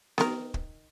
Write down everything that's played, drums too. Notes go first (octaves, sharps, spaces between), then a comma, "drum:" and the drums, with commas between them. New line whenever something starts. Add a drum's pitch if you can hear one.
D#3 A#4, drum: snare B3
drum: kick